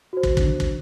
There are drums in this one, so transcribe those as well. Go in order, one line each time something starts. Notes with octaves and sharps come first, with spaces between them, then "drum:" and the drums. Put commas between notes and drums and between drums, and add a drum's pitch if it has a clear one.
F#4 C5
drum: kick
D3 C4 D4, drum: kick
drum: kick